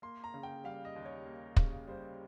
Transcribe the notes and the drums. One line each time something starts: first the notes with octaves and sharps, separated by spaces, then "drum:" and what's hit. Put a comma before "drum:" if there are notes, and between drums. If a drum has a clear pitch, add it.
A#3 C6
A#5
C#3
G5
G3 F5
D#5
D#2
C#5
A#3
C#3, drum: kick
G3 C5